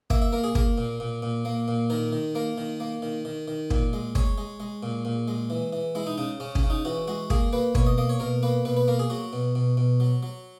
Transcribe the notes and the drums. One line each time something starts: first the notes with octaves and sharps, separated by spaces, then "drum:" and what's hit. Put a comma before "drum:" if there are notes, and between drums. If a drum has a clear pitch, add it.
A#3 E5, drum: kick
E5
A#3 A#4
G#4
A#3 A#4, drum: kick
A#2
A#2
A#2
A#3
A#2
D#3 A#4
D#3
A#3 A#4
D#3
A#3
D#3
D#3
D#3
A#2, drum: kick
G#3
G#3 C#5, drum: kick
G#3
G#3
A#2
A#2
G#3
E3
E3
G#3 E4
D#4
C#3 D#4
C#3 C#4
C#4, drum: kick
C#3
D#4
E3 F#4
G#3 F#4
A#3 G#4, drum: kick
A#3 B4
B2 C#5, drum: kick
D#5
A#3 D#5
C#5
B2 A#4
A#3 B4
B2 B4
B4
A#3 A#4
G#4
F#3 F#4
B2
B2
B2
F#3
F#3